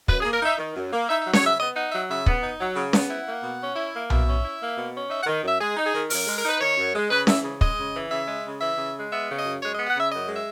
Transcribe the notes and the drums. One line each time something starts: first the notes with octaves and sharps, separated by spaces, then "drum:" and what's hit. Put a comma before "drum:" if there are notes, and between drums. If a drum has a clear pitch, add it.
F#2 B4, drum: kick
G#4
A#3
A#4
D#4 E5
D#3
F#2
A#3
D#4 E5
F#3 E5
C#5, drum: snare C#4
C#3 E5
B3 D#5
D#4 F#5
F#3 E5
C#3 E5
B3, drum: kick
D#4
F#3
C#3
B3, drum: snare C#4
E4 F#5
A#3
B2
C#4
E4
A#3
B2 E5, drum: tom B1
C#4
E4
A#3
B2
C#4
D#4 E5
F#5
D#3
F#2 E5
G#3 G#4
D#4
G#4
D#3
F#2 A#4, drum: open hi-hat
G#3
A#4
D#4 B4
D#3 C#5
F#2
G#3
C#3 B4
E3 E5, drum: snare C#4
C#3
G#3 D#5, drum: kick
C#3
E3
C#3 E5
G#3
C#3
E3 E5
C#3
G#3
B3 E5
C#3
D#5
F#2
G#3 C#5
B3 D#5
F#5
C#3 E5
F#2 D#5
G#3
E5